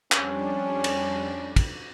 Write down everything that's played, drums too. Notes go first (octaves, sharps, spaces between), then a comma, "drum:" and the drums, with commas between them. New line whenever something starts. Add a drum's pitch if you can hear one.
F2 G3 C#4 D4, drum: clap
drum: cymbal
drum: kick, cymbal